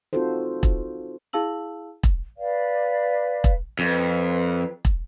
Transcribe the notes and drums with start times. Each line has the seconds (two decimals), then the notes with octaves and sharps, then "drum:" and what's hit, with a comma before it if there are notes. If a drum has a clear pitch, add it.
0.13 C4 D#4 F4 F#4 A4 C5
0.63 drum: kick E1
1.33 E4 G#4 F5 A5 E6 F#7
2.03 drum: kick E1
2.38 B4 D5 F5
3.44 drum: kick E1
3.79 F2 B4
4.85 drum: kick E1